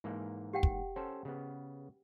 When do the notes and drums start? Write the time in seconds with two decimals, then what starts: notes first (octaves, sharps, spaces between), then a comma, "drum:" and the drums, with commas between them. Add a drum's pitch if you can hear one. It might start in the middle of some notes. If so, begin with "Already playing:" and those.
0.04 G#2 E3 A#3
0.53 G4 F#5 G5
0.63 drum: kick
0.96 C#4 A4 C5
1.25 C#3 B3